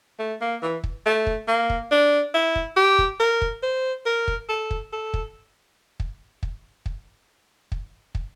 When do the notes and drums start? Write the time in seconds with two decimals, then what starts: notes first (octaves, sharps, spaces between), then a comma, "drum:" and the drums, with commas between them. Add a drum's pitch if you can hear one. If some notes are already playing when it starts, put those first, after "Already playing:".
0.19 A3
0.41 A#3
0.62 E3
0.84 drum: kick
1.06 A3
1.27 drum: kick
1.48 A#3
1.70 drum: kick
1.91 D4
2.34 E4
2.56 drum: kick
2.77 G4
2.99 drum: kick
3.20 A#4
3.42 drum: kick
3.63 C5
4.06 A#4
4.28 drum: kick
4.49 A4
4.71 drum: kick
4.93 A4
5.14 drum: kick
6.00 drum: kick
6.43 drum: kick
6.86 drum: kick
7.72 drum: kick
8.15 drum: kick